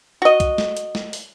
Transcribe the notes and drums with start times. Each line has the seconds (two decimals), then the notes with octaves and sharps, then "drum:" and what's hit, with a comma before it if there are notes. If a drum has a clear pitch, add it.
0.22 F#4 D#5
0.40 drum: kick C2, hi-hat
0.58 drum: snare
0.77 drum: hi-hat
0.95 drum: snare
1.13 drum: open hi-hat